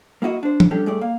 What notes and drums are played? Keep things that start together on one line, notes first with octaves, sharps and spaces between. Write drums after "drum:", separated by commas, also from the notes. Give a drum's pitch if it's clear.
A#3 E4 F#4 D#5
D4 C5
drum: tom
G3 C#4 D4 G4 A4
G2 A3 G#4 D5
A#3 F5